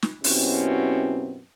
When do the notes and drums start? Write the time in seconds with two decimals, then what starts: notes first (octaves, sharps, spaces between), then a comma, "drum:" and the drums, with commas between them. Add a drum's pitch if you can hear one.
0.02 drum: snare
0.24 F#2 B2 C4 C#4 E4 G4, drum: open hi-hat